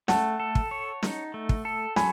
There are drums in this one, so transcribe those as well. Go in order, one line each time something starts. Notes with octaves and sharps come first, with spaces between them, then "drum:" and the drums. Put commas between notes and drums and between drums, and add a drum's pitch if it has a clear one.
A3 F#5 A5, drum: snare
A4
drum: kick
C#5
D#4, drum: snare
A3
drum: kick
A4
F#3 G#5 B5, drum: snare